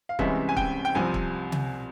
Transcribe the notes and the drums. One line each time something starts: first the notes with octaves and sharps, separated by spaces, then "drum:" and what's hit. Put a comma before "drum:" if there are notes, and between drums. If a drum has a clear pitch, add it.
F5
C2 C3 E3 G#3 C#4 E5, drum: kick
G#5
G5, drum: kick
G5
C2 C3 F3 C4 G#5
drum: kick
drum: tom C3